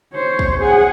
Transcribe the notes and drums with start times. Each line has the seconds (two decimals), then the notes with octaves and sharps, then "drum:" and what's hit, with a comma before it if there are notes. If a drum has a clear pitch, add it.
0.13 C5 C#5
0.39 drum: kick
0.60 G#4 F#5